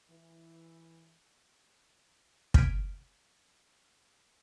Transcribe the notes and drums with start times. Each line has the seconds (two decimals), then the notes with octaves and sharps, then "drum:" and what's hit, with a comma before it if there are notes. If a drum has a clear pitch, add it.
0.10 E3
2.54 F6 G6 G#6 B6 D7 D#7, drum: kick